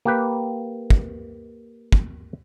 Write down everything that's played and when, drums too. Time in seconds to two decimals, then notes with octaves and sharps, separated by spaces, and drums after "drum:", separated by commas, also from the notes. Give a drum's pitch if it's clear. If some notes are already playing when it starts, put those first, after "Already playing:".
0.05 A#3 G4 B4
0.90 drum: kick
1.92 drum: kick